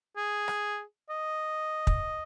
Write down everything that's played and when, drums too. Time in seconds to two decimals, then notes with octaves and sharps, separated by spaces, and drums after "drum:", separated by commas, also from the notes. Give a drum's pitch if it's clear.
0.17 G#4
0.48 drum: rim click
1.10 D#5
1.87 drum: kick